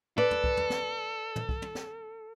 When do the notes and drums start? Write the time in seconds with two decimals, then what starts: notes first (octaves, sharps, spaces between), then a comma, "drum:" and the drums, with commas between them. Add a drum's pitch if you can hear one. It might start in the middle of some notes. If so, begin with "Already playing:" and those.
0.18 A4 B4 D5
0.31 drum: tom
0.44 drum: kick C2
0.57 drum: tom
0.70 drum: snare
1.36 drum: tom
1.49 drum: kick C2
1.62 drum: tom
1.75 drum: snare